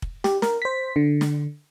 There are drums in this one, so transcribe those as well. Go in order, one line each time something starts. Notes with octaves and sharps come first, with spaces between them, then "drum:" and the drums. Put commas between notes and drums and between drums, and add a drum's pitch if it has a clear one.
drum: kick
G4, drum: snare
A#4, drum: snare
C5 B6
D3
drum: snare